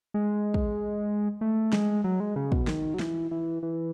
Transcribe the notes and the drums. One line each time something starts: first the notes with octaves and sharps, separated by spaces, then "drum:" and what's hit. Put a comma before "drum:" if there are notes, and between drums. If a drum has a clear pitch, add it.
G#3
drum: kick
A3
G#3, drum: snare
F#3
G#3
C#3
B2, drum: kick
D#3, drum: snare
F#3
E3, drum: snare
E3
E3